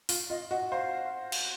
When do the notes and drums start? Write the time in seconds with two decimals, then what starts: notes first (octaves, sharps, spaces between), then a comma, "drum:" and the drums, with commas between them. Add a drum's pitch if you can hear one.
0.09 F4, drum: open hi-hat
0.30 F4 D#5
0.50 F#4 D#5
0.71 C5 F5
1.32 drum: cymbal